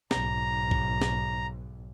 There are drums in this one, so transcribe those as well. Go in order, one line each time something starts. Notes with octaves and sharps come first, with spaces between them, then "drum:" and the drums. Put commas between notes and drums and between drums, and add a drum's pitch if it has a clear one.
B1 G#2 A#5, drum: snare
drum: kick A#1
drum: snare